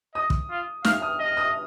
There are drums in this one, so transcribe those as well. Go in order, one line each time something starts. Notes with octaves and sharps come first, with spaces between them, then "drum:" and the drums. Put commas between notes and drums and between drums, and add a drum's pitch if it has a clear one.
D#5 D#6
drum: kick
F4
F5 F6, drum: snare
D#6
D#5
D#6